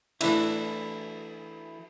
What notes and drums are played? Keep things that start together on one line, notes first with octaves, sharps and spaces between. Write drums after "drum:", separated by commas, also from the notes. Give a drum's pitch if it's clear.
E3 A3 D4 E4, drum: cymbal